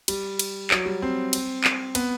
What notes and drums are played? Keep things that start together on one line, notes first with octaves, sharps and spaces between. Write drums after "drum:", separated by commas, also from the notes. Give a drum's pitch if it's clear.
G3, drum: cymbal
drum: cymbal
F#3, drum: clap
G3
C4
drum: cymbal
drum: clap
B3, drum: cymbal